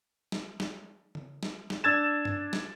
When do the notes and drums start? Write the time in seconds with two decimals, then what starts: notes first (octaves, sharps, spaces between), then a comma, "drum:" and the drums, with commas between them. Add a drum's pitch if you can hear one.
0.32 drum: snare
0.60 drum: snare
1.15 drum: tom D3
1.43 drum: snare
1.70 drum: snare
1.84 D4 E6 G#6 A6 E7
2.25 drum: tom G2
2.53 drum: snare